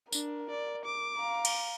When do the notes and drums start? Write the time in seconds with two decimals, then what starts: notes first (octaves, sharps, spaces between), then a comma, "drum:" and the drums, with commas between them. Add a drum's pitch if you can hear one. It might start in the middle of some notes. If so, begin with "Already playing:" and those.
0.12 D4 A#4, drum: tambourine
0.50 D5
0.85 D6
1.17 F5 A#5
1.45 drum: cymbal